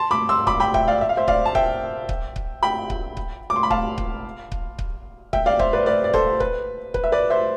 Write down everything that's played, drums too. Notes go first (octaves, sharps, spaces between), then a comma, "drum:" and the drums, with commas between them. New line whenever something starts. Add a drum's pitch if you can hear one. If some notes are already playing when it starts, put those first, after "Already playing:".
Already playing: A5 C6
B5 D6
C6 E6
B5 D6, drum: kick C#1
G5 B5
E5 G5, drum: kick C#1
D5 F5
E5
F5
C5 E5
D5 F5, drum: kick C#1
A5
E5 G5, drum: kick C#1
drum: kick C#1
drum: kick C#1
G5 B5
drum: kick C#1
drum: kick C#1
D6
C6
B5
F5 A5, drum: kick C#1
drum: kick C#1
drum: kick C#1
drum: kick C#1
E5 G5, drum: kick C#1
D5 F5
C5 E5, drum: kick C#1
B4 D5
B4 D5
D5
A4 C5, drum: kick C#1
B4, drum: kick C#1
B4, drum: kick C#1
E5
B4 D5
C5 E5